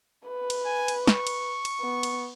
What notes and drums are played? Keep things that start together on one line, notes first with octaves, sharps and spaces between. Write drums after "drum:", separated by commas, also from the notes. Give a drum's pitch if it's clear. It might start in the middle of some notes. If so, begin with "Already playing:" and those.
B4
drum: cymbal
G#5
drum: cymbal
C#6, drum: snare
drum: cymbal
drum: cymbal
B3
drum: cymbal